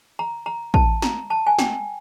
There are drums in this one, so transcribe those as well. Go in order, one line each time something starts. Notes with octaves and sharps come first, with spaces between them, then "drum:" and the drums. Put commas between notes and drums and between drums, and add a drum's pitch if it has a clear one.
A#5
A#5
A5, drum: kick
A#5, drum: snare
A5
G#5
G5, drum: snare